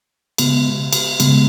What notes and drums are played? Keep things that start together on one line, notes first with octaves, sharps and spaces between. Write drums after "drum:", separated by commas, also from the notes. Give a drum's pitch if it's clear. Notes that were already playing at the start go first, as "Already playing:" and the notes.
C#3 G#3 B3, drum: cymbal
drum: cymbal
C#3 G#3 B3, drum: cymbal